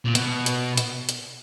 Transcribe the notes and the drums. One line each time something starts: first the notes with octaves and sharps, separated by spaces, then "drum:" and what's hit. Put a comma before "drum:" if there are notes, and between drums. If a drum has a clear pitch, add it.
A#2
B2, drum: hi-hat
drum: hi-hat
drum: hi-hat
drum: hi-hat